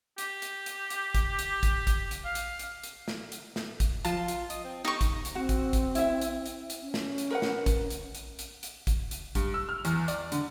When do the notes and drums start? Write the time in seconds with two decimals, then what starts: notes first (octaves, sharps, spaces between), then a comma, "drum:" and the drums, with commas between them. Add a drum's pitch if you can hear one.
0.18 G4, drum: hi-hat
0.42 drum: hi-hat
0.66 drum: hi-hat
0.90 drum: hi-hat
1.15 drum: kick A1, hi-hat
1.39 drum: hi-hat
1.63 drum: kick A1, hi-hat
1.87 drum: kick A1, hi-hat
2.11 drum: hi-hat
2.25 F5
2.35 drum: hi-hat
2.59 drum: hi-hat
2.84 drum: hi-hat
3.08 drum: snare
3.32 drum: hi-hat
3.56 drum: snare
3.80 drum: kick A1, hi-hat
4.05 F3 F4 A5, drum: hi-hat
4.28 drum: hi-hat
4.50 D#5, drum: hi-hat
4.64 C4
4.85 D#4 G4 C#6
5.01 drum: kick A1, hi-hat
5.25 drum: hi-hat
5.35 C4 F#4
5.49 drum: kick A1, hi-hat
5.73 drum: kick A1, hi-hat
5.95 E4 E5, drum: hi-hat
6.21 drum: hi-hat
6.46 drum: hi-hat
6.70 drum: hi-hat
6.81 C#4
6.94 drum: snare
7.18 drum: hi-hat
7.30 A#4 B4 F#5
7.42 drum: snare
7.66 drum: kick A1, hi-hat
7.90 drum: hi-hat
8.15 drum: hi-hat
8.39 drum: hi-hat
8.63 drum: hi-hat
8.87 drum: kick A1, hi-hat
9.11 drum: hi-hat
9.35 G2, drum: kick A1, hi-hat
9.54 E6
9.69 F6
9.85 E2, drum: hi-hat
10.08 D5, drum: hi-hat
10.32 D3, drum: hi-hat